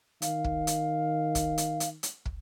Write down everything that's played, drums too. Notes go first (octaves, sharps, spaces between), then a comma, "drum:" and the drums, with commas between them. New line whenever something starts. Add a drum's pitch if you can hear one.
D#3 F5, drum: hi-hat
drum: kick
drum: hi-hat
drum: kick, hi-hat
drum: hi-hat
drum: hi-hat
drum: hi-hat
drum: kick